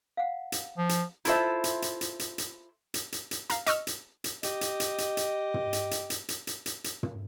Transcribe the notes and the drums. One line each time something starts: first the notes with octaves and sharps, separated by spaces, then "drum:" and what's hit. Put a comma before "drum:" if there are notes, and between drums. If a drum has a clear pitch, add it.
F5 F#5
drum: hi-hat
F3
drum: hi-hat
E4 F4 A4 C5 E5, drum: hi-hat
drum: hi-hat
drum: hi-hat
drum: hi-hat
drum: hi-hat
drum: hi-hat
drum: hi-hat
drum: hi-hat
drum: hi-hat
F5 A#5, drum: hi-hat
D#5 C#6 E6 F6, drum: hi-hat
drum: hi-hat
drum: hi-hat
G4 D#5, drum: hi-hat
drum: hi-hat
drum: hi-hat
drum: hi-hat
drum: hi-hat
drum: tom
drum: hi-hat
drum: hi-hat
drum: hi-hat
drum: hi-hat
drum: hi-hat
drum: hi-hat
drum: hi-hat
drum: tom